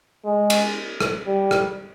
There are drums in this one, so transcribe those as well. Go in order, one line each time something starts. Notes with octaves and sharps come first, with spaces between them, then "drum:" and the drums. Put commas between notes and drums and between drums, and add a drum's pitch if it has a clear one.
G#3
drum: cymbal
drum: rim click
G3
drum: rim click